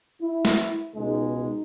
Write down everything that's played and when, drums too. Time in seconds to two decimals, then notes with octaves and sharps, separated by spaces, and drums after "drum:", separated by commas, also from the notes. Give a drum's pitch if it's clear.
0.21 E4
0.45 drum: snare
0.95 C#2 B2 G#3 D#4
1.32 D#4